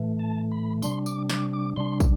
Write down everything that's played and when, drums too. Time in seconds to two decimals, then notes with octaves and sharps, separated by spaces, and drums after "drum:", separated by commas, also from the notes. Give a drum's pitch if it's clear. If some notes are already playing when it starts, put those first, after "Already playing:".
Already playing: A2 E3 A3
0.19 A5
0.51 B5
0.82 C3 G3 D4 C6, drum: tambourine
1.06 D6, drum: tambourine
1.29 D6, drum: snare
1.53 D6
1.76 C3 G3 D4 C6
2.00 drum: kick, tambourine